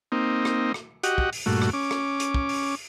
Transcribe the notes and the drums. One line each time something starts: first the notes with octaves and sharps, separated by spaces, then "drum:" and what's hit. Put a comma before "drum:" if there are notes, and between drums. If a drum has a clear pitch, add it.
A#3 C4 D#4
drum: rim click
drum: rim click
F#4 G4 D#5 F#5, drum: hi-hat
drum: kick
drum: open hi-hat
G2 A#2 A3 F#4
drum: rim click
C#4 D6
drum: rim click
drum: hi-hat
drum: kick
drum: open hi-hat